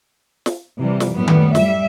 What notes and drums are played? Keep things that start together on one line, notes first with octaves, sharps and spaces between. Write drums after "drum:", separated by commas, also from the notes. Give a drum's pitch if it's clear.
drum: snare
C3 E3 G3
drum: snare
F#2 A2 G3 B3
drum: tom D#3
G3 E5, drum: snare